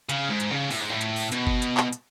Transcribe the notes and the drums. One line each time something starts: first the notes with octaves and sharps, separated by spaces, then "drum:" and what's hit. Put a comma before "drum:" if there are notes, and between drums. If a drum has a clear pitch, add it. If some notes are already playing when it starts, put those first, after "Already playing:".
C#3, drum: hi-hat
G#2
drum: hi-hat
C#3
A2, drum: open hi-hat
G#2
A2
drum: hi-hat
drum: open hi-hat
B2, drum: hi-hat
drum: kick G1
drum: hi-hat
drum: clap
drum: hi-hat